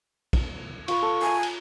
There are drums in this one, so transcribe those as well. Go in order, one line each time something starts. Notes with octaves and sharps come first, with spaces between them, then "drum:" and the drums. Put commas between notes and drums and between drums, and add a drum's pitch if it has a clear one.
drum: kick, cymbal
F4 B4 C#6, drum: cymbal
A4 C#5
E5 G#5 A#5
drum: cymbal